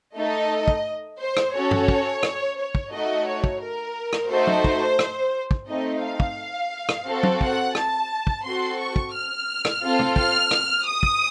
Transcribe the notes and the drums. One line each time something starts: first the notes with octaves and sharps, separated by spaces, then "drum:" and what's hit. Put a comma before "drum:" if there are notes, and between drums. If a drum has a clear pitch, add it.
A3 D#4 A4 D#5
drum: kick
C5
drum: rim click
C#4 F#4 A4 C#5
drum: tom
drum: kick
drum: rim click
C#5
drum: kick
A3 D#4 F#4 D#5
C#5
drum: kick
A#4
drum: rim click
A3 D#4 F#4 A4 C5
drum: tom
drum: kick
drum: rim click
drum: kick
A3 C4 D#4 D#5
F5
drum: kick
drum: rim click
C4 F#4 A4
drum: tom
F#5, drum: kick
A5, drum: rim click
drum: kick
C4 F#4 A4 C6
C#6
drum: kick
F6
drum: rim click
C4 F4 A4
drum: tom
F6, drum: kick
drum: rim click
D#6
drum: kick